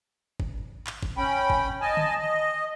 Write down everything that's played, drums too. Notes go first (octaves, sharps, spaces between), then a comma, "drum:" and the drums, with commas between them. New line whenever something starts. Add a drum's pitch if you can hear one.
drum: kick
drum: clap
drum: kick
C#4 G5 B5
drum: kick
D#5 G#5 A5
drum: tom
D#5